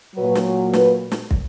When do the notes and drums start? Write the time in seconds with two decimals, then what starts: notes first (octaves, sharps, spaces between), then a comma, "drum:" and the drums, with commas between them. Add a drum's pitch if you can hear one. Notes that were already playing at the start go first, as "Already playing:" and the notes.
0.16 A#2 F#3 B4
0.35 drum: snare
0.73 B4, drum: snare
1.12 drum: snare
1.31 drum: kick